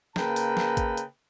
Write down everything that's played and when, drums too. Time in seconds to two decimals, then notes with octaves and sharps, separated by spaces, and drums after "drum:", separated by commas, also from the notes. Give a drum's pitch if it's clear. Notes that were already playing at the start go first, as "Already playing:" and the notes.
0.16 C#3 A#3 B4 G5 A5 A#5, drum: snare
0.36 drum: open hi-hat
0.57 drum: snare
0.77 drum: kick, hi-hat
0.97 drum: hi-hat